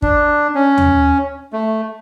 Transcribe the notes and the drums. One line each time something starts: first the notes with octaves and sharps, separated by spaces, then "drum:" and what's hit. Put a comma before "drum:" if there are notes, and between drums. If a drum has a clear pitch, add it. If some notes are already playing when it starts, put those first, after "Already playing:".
D4, drum: kick
C#4
drum: tom D#2
A3